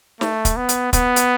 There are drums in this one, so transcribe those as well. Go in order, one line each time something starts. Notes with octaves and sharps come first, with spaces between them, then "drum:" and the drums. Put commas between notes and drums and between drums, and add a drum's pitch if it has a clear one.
A3, drum: snare
drum: kick, hi-hat
B3
drum: hi-hat
B3, drum: kick, hi-hat
drum: hi-hat